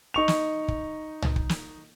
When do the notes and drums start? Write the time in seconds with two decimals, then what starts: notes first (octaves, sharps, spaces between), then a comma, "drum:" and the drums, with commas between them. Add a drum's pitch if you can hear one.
0.14 D#4 C#6 F7
0.28 drum: snare
0.68 drum: kick
1.22 drum: tom
1.36 drum: kick
1.49 drum: snare